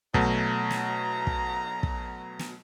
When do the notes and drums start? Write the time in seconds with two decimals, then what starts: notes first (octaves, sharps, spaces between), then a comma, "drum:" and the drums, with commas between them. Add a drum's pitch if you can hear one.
0.14 B2 F#3 A3 A#5, drum: kick
0.71 drum: snare
1.27 drum: kick
1.83 drum: kick
2.39 drum: snare